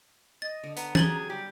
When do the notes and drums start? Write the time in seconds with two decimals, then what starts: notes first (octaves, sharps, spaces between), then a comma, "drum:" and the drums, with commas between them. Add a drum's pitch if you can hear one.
0.42 D#5 A6
0.64 D3
0.77 B3 A#5, drum: hi-hat
0.95 F#3 B3 G4 G#4 A6 F#7 G7, drum: tom E3
1.30 G3 G4